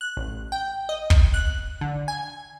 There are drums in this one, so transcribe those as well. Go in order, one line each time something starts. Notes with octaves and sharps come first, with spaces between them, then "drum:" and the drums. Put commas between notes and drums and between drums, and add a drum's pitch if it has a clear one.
F#6
A1
G5
D#5
drum: kick
F#6
D3
G#5